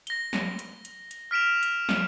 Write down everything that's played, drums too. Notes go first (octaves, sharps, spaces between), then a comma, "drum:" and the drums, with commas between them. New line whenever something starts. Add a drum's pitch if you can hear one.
A#6 G7, drum: hi-hat
drum: snare
drum: hi-hat
drum: hi-hat
drum: hi-hat
F6 B6 D7 E7 F7
drum: hi-hat
drum: snare